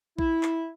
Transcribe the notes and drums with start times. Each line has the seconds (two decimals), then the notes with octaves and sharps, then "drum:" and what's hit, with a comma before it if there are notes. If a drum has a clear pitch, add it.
0.19 E4, drum: kick A#1
0.43 drum: clap